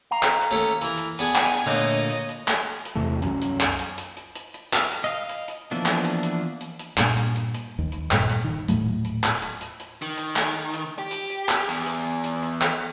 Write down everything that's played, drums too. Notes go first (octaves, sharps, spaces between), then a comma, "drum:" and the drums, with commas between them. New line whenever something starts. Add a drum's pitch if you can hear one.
F5 A#5
drum: clap
drum: hi-hat
D#2 A3 C#4
E3 A#4, drum: hi-hat
drum: hi-hat
B3 D4 G#4 G#5, drum: hi-hat
drum: clap
drum: hi-hat
A#2 D3 A3 A#3 D#4 C#5 D#5
drum: hi-hat
drum: hi-hat
drum: hi-hat
drum: clap
drum: hi-hat
E2 C3 E3 A3
C2 F#2 F#3 C#4, drum: hi-hat
drum: hi-hat
drum: clap
drum: hi-hat
drum: hi-hat
drum: hi-hat
drum: hi-hat
drum: hi-hat
drum: clap
drum: hi-hat
D#5 F5
drum: hi-hat
drum: hi-hat
E3 F3 A#3 B3 D4
drum: clap
drum: hi-hat
drum: hi-hat
drum: hi-hat
drum: hi-hat
G2 A#2, drum: clap
drum: hi-hat
drum: hi-hat
drum: hi-hat
D#2
drum: hi-hat
D#1 G2 A#2, drum: clap
drum: hi-hat
D#3
D#1 A2 F#3 A3, drum: hi-hat
drum: hi-hat
drum: clap
drum: hi-hat
drum: hi-hat
drum: hi-hat
D#3
drum: hi-hat
drum: clap
drum: hi-hat
G4
drum: hi-hat
drum: hi-hat
drum: clap
E2, drum: hi-hat
drum: hi-hat
drum: hi-hat
drum: hi-hat
drum: clap